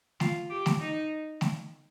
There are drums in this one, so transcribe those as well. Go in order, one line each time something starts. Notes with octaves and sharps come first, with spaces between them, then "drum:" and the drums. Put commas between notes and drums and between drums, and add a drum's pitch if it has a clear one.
F4, drum: snare A3
G4
drum: snare A3
D#4
drum: snare A3